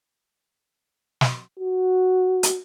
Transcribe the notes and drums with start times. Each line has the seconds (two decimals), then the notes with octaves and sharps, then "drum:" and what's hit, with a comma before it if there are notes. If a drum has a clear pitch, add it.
1.21 drum: snare
1.59 F#4
2.43 drum: hi-hat